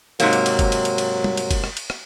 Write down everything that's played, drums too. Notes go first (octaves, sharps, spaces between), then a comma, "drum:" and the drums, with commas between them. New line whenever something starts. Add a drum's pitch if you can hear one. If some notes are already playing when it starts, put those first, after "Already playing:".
G#2 C3 F#3 A#3, drum: cymbal
drum: cymbal
drum: cymbal
drum: kick F#1, cymbal
drum: cymbal
drum: cymbal
drum: cymbal
drum: tom G3
drum: cymbal
drum: kick F#1, cymbal
drum: rim click
drum: cymbal
drum: rim click